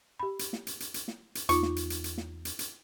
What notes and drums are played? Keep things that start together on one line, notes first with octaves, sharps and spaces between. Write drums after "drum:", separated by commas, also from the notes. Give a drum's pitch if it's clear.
G4 B5
drum: hi-hat
drum: snare
drum: hi-hat
drum: hi-hat
drum: hi-hat
drum: snare
drum: hi-hat
E2 D#4 F4 C#6 D6, drum: hi-hat
drum: snare
drum: hi-hat
drum: hi-hat
drum: hi-hat
drum: snare
drum: hi-hat
drum: hi-hat